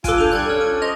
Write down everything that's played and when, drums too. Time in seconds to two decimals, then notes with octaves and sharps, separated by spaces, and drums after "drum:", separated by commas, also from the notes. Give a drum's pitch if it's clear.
0.04 F4 A4 G#5 D6 F#6 D7, drum: kick, hi-hat
0.18 D4 G6 D#7 F7
0.31 G3 A4 F#6 G#6
0.48 C#4 A5 F6
0.61 D#7
0.82 C5 D#5 F7